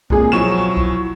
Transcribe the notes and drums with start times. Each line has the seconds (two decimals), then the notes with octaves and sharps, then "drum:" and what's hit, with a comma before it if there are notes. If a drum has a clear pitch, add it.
0.10 A#2 G#3 C4 G#4, drum: kick C2
0.32 B2 F3 F#3 E4 C#6 E7
0.77 drum: kick C2